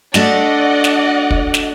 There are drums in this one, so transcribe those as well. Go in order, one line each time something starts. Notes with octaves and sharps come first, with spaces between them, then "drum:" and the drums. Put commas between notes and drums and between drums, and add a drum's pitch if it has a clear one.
A3 D4 F#4 D5 D#5 F#5, drum: snare
drum: snare
drum: kick
drum: snare